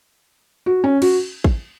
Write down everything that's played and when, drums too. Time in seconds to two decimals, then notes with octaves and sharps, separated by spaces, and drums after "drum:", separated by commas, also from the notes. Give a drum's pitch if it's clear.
0.66 F#4
0.84 C#4
1.02 F#4, drum: cymbal
1.44 drum: kick